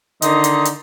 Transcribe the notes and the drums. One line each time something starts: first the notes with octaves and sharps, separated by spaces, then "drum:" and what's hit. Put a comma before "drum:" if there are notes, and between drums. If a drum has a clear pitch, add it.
D3 D#3 D#4 D#5 C6, drum: hi-hat
drum: hi-hat
drum: hi-hat